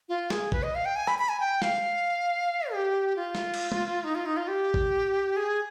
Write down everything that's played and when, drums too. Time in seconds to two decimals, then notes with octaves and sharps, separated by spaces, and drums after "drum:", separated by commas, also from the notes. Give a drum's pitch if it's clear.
0.09 F4
0.30 G#4, drum: snare
0.52 B4, drum: kick
0.63 D#5
0.75 F5
0.85 G5
0.96 G#5
1.07 B5, drum: rim click
1.18 B5
1.29 G#5
1.40 G5
1.62 F5, drum: snare
2.73 G4
3.16 F4
3.35 drum: snare
3.54 drum: cymbal
3.72 drum: tom
4.04 D#4
4.15 F4
4.26 D#4
4.37 F4
4.48 G4
4.74 drum: kick
5.36 G#4